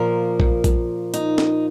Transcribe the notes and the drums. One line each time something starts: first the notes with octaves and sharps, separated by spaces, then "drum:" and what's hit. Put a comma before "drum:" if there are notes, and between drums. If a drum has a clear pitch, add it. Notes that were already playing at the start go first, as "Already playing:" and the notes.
Already playing: A#2 F3 A#3 A#4
drum: kick
drum: kick, hi-hat
D#4, drum: hi-hat
drum: snare